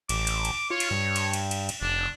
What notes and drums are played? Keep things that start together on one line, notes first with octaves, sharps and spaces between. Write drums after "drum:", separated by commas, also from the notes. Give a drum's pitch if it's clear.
A1 D6, drum: cymbal
drum: cymbal
drum: cymbal
F4 C#5
drum: cymbal
G2
drum: cymbal
drum: cymbal
drum: cymbal
drum: cymbal
F1 D4